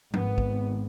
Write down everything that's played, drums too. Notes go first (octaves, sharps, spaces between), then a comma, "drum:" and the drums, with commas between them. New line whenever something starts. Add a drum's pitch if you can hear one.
G#1 G#2 B3, drum: tom
drum: kick